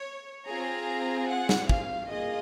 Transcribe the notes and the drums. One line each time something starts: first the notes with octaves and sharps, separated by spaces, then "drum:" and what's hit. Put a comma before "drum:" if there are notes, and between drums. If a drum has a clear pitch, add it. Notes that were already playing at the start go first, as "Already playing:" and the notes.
Already playing: C#5
C4 F4 G#4 A#5
F#5
drum: snare
F5, drum: kick
A#3 F4 G#4 D#5